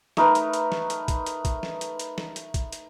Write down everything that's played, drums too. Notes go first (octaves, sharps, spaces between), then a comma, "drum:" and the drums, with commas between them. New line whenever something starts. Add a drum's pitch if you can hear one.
A3 D#4 A#4 B4, drum: snare
drum: hi-hat
drum: hi-hat
drum: snare
drum: hi-hat
drum: kick, hi-hat
drum: hi-hat
drum: kick, hi-hat
drum: snare
drum: hi-hat
drum: hi-hat
drum: snare
drum: hi-hat
drum: kick, hi-hat
drum: hi-hat